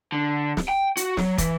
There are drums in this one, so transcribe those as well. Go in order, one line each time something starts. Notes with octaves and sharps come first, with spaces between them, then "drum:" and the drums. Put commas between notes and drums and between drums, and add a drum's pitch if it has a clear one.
D3
drum: snare
G5
F#4, drum: hi-hat
F#3, drum: snare
E3, drum: kick, hi-hat